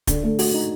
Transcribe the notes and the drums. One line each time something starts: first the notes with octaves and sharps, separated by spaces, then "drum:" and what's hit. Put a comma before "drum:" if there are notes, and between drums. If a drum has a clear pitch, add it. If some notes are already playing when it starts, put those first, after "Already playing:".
D3, drum: kick, hi-hat
A3
F#4, drum: open hi-hat
D#4